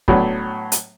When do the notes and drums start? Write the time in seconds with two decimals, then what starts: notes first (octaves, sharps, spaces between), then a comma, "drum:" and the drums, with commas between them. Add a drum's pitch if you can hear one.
0.08 A2 F#3 B3 D4, drum: kick
0.72 drum: hi-hat